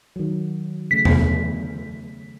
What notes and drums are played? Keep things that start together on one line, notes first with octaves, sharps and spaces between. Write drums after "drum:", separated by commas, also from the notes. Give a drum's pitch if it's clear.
D#3 F#3
C#3 A3 B6
drum: tom E2